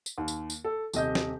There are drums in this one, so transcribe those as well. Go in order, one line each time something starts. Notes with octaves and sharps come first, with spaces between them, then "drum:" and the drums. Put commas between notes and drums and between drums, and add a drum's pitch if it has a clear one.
drum: tambourine
D#2
drum: tambourine
drum: tambourine
A4
D#1 C3 D#5 G6, drum: tambourine
drum: snare